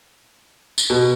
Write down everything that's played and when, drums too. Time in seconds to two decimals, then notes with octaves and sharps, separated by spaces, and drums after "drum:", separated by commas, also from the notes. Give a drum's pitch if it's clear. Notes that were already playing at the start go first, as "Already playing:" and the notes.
0.78 drum: tambourine
0.90 B2